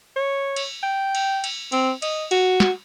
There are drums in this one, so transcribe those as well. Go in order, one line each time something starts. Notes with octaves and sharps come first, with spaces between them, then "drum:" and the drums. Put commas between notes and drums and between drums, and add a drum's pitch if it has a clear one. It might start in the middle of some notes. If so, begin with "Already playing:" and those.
C#5
drum: cymbal
G5
drum: cymbal
drum: cymbal
C4, drum: cymbal
D#5, drum: cymbal
F#4, drum: cymbal
drum: snare